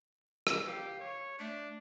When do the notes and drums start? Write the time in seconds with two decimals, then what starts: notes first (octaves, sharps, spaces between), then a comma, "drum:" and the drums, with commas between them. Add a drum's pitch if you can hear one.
0.47 drum: rim click
0.67 G4 F5
1.00 C#5
1.39 A3 D4